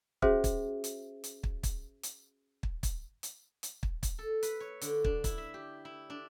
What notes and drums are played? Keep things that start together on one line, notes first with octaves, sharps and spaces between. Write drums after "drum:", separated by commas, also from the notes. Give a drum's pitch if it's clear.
C#4 F#4 G#4 C5 E5, drum: kick
drum: kick, hi-hat
drum: hi-hat
drum: hi-hat
drum: kick
drum: kick, hi-hat
drum: hi-hat
drum: kick
drum: kick, hi-hat
drum: hi-hat
drum: hi-hat
drum: kick
drum: kick, hi-hat
A4
B4, drum: hi-hat
C#5
D3, drum: hi-hat
D4, drum: kick
E4, drum: kick, hi-hat
E5
G4
E4
D4